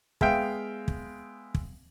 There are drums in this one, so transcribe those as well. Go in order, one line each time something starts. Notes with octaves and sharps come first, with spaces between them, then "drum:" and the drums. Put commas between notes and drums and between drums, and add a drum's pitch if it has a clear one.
G#3 B3 E5 F5 G5, drum: kick
drum: kick
drum: kick